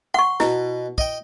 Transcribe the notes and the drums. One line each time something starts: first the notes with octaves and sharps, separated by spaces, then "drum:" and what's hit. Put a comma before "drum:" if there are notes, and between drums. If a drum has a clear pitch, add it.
F#5 C6 C#6
B2 E4, drum: snare
D#5 G5, drum: kick